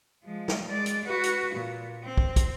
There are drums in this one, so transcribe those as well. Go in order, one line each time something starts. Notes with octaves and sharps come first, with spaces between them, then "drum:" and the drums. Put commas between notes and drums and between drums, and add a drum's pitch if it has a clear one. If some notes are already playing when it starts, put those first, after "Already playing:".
F3 G#3
drum: snare
G#3 D5
drum: hi-hat
F#4 B4
drum: hi-hat
A#2
C4
drum: kick
drum: kick, hi-hat